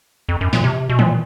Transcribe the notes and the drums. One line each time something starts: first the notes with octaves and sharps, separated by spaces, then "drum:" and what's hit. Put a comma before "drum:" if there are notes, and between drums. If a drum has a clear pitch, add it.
F2
F#2
A#2, drum: snare
C3
B2
A#2, drum: tom D#3